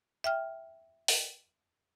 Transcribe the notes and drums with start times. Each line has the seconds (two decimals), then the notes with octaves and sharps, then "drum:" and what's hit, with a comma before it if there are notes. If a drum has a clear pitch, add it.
0.24 E5 G5 F6
1.08 drum: open hi-hat